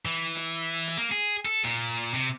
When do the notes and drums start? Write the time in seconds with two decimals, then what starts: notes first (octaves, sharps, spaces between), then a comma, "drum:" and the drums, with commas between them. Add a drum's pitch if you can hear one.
0.05 E3
0.36 drum: hi-hat
0.87 drum: hi-hat
0.98 A#3
1.12 G#4
1.45 A4
1.64 A#2, drum: hi-hat
2.14 C3, drum: hi-hat